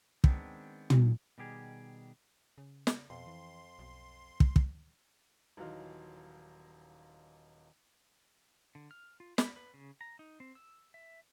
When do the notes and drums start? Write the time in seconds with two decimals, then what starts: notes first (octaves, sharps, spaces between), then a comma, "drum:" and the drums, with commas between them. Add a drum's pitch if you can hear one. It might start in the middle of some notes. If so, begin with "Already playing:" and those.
0.24 D#3 G#3 B3 C4 D4, drum: kick
0.90 drum: tom
1.38 B2 D#3 G3 G4 G#4
2.58 C#3
2.87 drum: snare
3.10 F2 B2 C6
3.27 E3
3.79 B1
4.40 drum: kick
4.56 drum: kick
5.57 D#1 E3 F#3 D#4 F4 F6
8.75 D3
8.91 F6
9.20 F4
9.38 B5, drum: snare
9.56 B4
9.74 C#3
10.01 A#5
10.19 D#4
10.40 C4
10.55 E6
10.94 E5